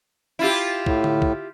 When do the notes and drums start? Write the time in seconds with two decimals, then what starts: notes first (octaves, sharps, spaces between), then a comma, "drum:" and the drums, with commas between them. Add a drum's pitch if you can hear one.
0.39 E4 F4 G4
0.86 A2, drum: kick
1.04 drum: tom D3
1.22 drum: kick